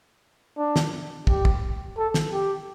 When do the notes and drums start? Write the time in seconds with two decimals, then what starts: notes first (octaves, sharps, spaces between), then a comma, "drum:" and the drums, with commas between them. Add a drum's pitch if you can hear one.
0.58 D4
0.76 drum: snare
1.27 G4, drum: kick
1.45 drum: kick
1.97 A4
2.14 drum: snare
2.32 G4